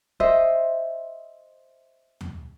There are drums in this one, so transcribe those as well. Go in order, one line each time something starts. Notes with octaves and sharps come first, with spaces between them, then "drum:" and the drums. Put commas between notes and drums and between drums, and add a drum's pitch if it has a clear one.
C5 D#5 E5, drum: kick D1
drum: tom D#2